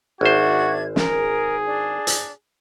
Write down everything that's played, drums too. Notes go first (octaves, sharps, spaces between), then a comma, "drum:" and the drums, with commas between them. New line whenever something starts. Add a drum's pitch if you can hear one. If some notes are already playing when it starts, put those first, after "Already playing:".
G#1 D4 F#4 C5 E5 G#6
G#4 A#4, drum: snare
D4
drum: hi-hat